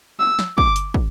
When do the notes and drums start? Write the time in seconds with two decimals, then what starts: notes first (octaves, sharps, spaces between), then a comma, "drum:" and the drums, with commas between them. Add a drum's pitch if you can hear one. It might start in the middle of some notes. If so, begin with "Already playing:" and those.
0.20 E6
0.39 drum: snare
0.58 D6, drum: kick
0.76 drum: hi-hat
0.94 drum: kick